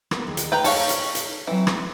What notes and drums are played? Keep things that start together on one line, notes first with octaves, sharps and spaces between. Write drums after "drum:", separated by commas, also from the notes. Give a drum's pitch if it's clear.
A#3 B3 A#4, drum: rim click
D#2 D#4 G#4
drum: hi-hat
B4 G5 A#5
D#4 A4 C#5 F5 G#5, drum: open hi-hat
drum: hi-hat
drum: hi-hat
E3 F#3 C4
drum: rim click